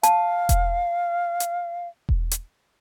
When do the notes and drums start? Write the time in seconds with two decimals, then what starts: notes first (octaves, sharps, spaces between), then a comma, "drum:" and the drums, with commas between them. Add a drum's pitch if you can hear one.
0.03 F5 A5, drum: hi-hat
0.49 drum: kick E1, hi-hat
1.40 drum: hi-hat
2.09 drum: kick E1
2.31 drum: hi-hat